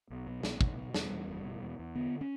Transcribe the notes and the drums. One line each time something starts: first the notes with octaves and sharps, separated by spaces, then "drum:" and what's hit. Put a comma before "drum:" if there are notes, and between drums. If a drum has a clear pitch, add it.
B1
B2
B1, drum: snare
B2, drum: kick
B2
E2 G3, drum: snare
E2
F#1
B2
E2
E2
D3 B3
C#4